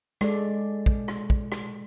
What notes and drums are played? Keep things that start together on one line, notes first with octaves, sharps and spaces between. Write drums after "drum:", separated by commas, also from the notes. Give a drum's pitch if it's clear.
G#3 A4 D5, drum: rim click
drum: kick
drum: rim click
drum: kick
drum: rim click